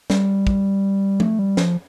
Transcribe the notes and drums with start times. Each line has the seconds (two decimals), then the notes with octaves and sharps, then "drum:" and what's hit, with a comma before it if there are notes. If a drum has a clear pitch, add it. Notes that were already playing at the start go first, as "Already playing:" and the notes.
0.10 G3, drum: snare
0.47 drum: kick
1.20 A3, drum: tom
1.39 G3
1.57 F3, drum: snare